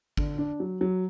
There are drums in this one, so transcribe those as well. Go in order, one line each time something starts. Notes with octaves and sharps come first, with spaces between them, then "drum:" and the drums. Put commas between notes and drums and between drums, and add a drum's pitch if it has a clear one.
D3, drum: kick G#1
D4
F#3
F#3